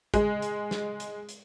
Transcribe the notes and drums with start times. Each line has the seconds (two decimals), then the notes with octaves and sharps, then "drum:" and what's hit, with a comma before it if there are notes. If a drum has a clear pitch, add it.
0.14 G#3, drum: kick, hi-hat
0.42 drum: hi-hat
0.71 drum: snare
1.00 drum: hi-hat
1.29 drum: hi-hat